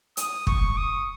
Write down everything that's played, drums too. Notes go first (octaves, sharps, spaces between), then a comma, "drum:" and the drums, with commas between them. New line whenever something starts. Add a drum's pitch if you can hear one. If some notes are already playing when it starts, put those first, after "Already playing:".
D#6, drum: hi-hat
C#6, drum: kick
D#6